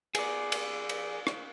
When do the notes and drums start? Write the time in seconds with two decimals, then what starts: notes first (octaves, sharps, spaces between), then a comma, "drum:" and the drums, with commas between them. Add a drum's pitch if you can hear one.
0.15 G#4 D5, drum: cymbal
0.52 drum: cymbal
0.89 drum: cymbal
1.27 drum: rim click